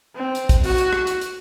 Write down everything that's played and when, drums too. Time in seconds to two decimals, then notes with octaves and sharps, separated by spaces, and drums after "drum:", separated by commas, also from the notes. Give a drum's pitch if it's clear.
0.16 C4
0.35 drum: hi-hat
0.49 drum: kick, hi-hat
0.64 F#4, drum: open hi-hat
0.78 drum: hi-hat
0.93 drum: rim click
1.07 drum: hi-hat
1.21 drum: hi-hat